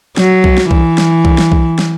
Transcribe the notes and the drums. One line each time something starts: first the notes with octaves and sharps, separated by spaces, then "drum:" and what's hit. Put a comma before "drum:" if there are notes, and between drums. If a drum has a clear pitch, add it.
F#3, drum: snare
drum: kick B1
drum: snare
E3, drum: kick B1
drum: snare
drum: kick B1
drum: snare
drum: kick B1
drum: snare